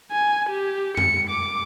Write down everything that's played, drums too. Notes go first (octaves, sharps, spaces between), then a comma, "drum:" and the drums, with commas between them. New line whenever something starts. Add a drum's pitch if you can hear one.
G#5
G4
C#7, drum: tom F2
D6